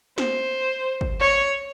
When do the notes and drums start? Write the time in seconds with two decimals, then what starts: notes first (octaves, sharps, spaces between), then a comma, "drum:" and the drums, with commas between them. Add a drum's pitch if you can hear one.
0.18 C5, drum: snare
1.01 drum: kick
1.20 C#5